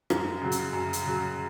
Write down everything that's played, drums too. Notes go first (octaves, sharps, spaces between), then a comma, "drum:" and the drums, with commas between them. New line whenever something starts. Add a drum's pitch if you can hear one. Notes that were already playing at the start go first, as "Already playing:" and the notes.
F#2, drum: rim click
C#3 F#3
drum: hi-hat
F#2
drum: hi-hat
C#3 F#3